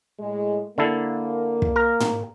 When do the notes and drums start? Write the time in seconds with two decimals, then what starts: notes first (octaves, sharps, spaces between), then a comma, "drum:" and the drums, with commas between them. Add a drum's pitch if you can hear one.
0.19 A2 G#3
0.78 D3 A#3 E4 A4
1.62 drum: kick
1.76 A#4
2.00 drum: tom